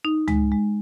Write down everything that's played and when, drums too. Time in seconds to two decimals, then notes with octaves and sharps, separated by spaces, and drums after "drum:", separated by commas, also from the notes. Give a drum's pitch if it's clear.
0.05 D#4
0.28 G#3, drum: tom C#2
0.52 G#3